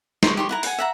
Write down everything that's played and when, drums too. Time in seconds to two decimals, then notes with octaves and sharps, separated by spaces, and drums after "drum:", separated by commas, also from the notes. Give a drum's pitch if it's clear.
0.23 C5 C#6, drum: snare
0.37 G4 C6 C#6
0.49 E4 F#5 A#5
0.63 F#5 G#5, drum: open hi-hat
0.79 E5 F#5 A#5